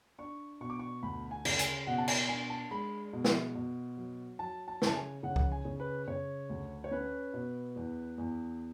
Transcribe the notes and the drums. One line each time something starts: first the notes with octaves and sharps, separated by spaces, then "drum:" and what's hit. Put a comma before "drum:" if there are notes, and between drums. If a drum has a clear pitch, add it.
D4 C#6
B2 C#6
D6
C#6
D2 B5
G#5
C#3, drum: cymbal
G#5, drum: hi-hat
B2 F#5
A5
G#5, drum: cymbal
D4 G#5
A5
G#3 B5
B2
drum: snare
B2
F#3
F#3 A5
A5
C#3, drum: snare
A5
G#5
C#3 F#5
drum: kick C#2
G#5
C#3
B4
C#3 C#5
D2
C#5
C#4 B4
B2
E2
E2